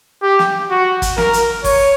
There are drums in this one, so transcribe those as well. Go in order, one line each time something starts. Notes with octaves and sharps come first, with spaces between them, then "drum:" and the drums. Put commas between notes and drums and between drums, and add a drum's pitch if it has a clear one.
G4
drum: snare
F#4
drum: kick, hi-hat
A#4, drum: snare
drum: hi-hat
C#5, drum: kick, open hi-hat